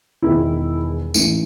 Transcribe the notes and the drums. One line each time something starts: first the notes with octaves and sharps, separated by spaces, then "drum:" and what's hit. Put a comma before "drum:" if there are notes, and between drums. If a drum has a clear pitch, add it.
E1 E2 D#3 E4
A1 G#2 E3, drum: tambourine